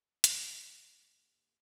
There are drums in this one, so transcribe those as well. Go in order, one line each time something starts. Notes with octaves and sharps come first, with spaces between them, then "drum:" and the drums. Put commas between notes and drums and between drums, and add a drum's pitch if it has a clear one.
A#3 A#4, drum: hi-hat
G1 G#2 D#4